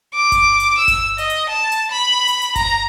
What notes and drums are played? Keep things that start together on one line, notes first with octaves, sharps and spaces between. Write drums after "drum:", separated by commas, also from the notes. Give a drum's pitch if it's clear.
D6
drum: kick G1, hi-hat
drum: hi-hat
E6
drum: kick G1, hi-hat
D#5, drum: hi-hat
drum: hi-hat
A5
drum: hi-hat
B5
drum: hi-hat
drum: hi-hat
A#5, drum: kick G1, hi-hat